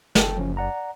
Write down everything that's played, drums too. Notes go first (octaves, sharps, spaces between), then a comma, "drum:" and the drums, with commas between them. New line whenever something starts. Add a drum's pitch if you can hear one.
F#1 A4 G5 A5, drum: snare
F3 C#4
D5 F#5 A#5